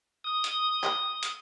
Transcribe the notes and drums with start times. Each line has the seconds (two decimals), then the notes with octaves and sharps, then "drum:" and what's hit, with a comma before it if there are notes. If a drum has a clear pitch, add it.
0.24 D#6
0.44 drum: hi-hat
0.83 drum: clap
1.23 drum: hi-hat